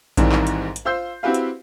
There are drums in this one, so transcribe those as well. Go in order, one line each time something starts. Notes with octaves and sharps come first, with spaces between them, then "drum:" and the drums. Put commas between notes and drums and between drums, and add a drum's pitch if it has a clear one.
D#2 G#2 D#3 E3 G3 C4, drum: kick A#1, hi-hat
drum: clap
drum: hi-hat
drum: hi-hat
F4 C5 C6 E6 G6 C7
C4 E4 F#4 G4 B4 F5
drum: hi-hat